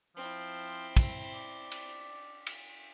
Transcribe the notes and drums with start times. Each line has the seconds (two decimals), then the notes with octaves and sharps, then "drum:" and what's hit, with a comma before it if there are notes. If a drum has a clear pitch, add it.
0.16 F3 C4 E4
0.97 drum: kick, cymbal
1.34 D5
1.72 drum: cymbal
2.47 drum: cymbal